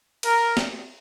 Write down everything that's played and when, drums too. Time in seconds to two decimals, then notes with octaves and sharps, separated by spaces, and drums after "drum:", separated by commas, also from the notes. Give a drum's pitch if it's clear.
0.23 A#4, drum: cymbal
0.57 drum: snare